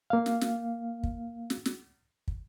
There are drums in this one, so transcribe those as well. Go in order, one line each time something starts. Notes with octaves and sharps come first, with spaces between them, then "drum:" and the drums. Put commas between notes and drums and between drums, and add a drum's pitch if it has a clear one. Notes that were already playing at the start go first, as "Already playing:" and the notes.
A#3 F5
drum: snare
drum: snare
drum: kick
drum: snare
drum: snare
drum: kick